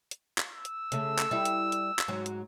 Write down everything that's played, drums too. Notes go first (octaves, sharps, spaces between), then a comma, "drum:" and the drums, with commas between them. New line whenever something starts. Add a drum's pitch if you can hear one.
drum: hi-hat
drum: clap
E6
drum: hi-hat
C#3 A3, drum: hi-hat
drum: clap
G3 E4
drum: hi-hat
drum: hi-hat
drum: clap
G#2 F#3
drum: hi-hat